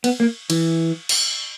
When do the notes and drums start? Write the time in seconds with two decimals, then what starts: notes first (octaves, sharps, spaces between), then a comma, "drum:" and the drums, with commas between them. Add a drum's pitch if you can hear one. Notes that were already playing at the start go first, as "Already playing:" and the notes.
0.04 B3, drum: cymbal
0.20 A#3
0.50 E3, drum: cymbal
1.09 drum: cymbal